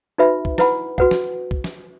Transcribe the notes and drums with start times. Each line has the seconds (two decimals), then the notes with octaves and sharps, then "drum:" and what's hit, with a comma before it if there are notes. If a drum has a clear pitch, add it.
0.18 D#4 F#4 B4 E5 B5
0.45 drum: kick
0.58 E4 B4 F#5 B5, drum: snare
0.98 F#4 B4 F#5, drum: kick
1.11 drum: snare
1.51 drum: kick
1.64 drum: snare